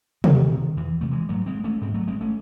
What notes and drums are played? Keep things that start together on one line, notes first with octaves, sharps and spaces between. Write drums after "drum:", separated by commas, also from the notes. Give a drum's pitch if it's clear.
E2 D#3, drum: tom
C3
E2 E3
C3 A3
E3 G#3
G#2 F#3 A3
G#3 C4
A3 C#4
G#2 G#3 C4
F#3 A3
G#3 C4
A3 C#4